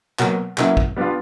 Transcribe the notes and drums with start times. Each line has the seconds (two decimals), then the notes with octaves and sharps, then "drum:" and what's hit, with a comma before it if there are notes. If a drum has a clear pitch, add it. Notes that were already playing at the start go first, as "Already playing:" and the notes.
0.19 B2 F#3 A#3, drum: clap
0.58 B2 F#3 A#3 C#4 E4, drum: clap
0.77 drum: kick
0.96 G3 B3 D4 F4